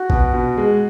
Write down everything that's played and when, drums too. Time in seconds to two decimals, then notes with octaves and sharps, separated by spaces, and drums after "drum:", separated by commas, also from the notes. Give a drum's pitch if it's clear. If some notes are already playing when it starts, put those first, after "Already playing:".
Already playing: F#4
0.10 B2, drum: kick A1
0.34 B2
0.58 G#3